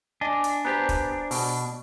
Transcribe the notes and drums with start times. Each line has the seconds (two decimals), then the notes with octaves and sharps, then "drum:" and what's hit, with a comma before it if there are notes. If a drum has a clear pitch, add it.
0.21 D4 D#5 G#5 D6
0.44 drum: hi-hat
0.65 B3 G4 C5 G#5 A#5
0.89 drum: kick, hi-hat
1.31 B2, drum: open hi-hat